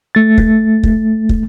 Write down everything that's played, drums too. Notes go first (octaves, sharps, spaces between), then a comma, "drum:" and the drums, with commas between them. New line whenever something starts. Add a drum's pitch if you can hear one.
A3 A6
drum: kick
drum: kick
drum: kick